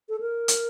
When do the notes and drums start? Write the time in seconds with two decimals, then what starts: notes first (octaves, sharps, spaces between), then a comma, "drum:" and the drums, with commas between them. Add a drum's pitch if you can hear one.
0.09 A4
0.20 A#4
0.48 drum: hi-hat